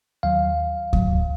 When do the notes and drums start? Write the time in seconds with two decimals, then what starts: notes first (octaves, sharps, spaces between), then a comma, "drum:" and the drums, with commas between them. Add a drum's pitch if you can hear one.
0.23 D#2 D#3 F#3 F5
0.93 G#2 F#3, drum: kick D2